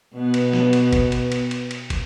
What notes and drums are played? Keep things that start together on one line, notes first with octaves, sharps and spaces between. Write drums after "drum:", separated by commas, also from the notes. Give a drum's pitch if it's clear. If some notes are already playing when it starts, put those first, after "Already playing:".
B2 B3
drum: cymbal
drum: snare
drum: cymbal
drum: kick, cymbal
drum: cymbal
drum: cymbal
drum: cymbal
drum: cymbal
drum: kick, cymbal